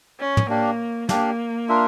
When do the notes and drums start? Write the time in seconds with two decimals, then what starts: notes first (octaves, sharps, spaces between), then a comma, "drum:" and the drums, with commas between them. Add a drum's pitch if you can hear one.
0.20 C#4
0.37 drum: tom
0.49 A#3 D4 G4 D5 F5
1.09 A#3 D4 G4 D5 F5, drum: snare
1.69 D4 F4 A#4 E5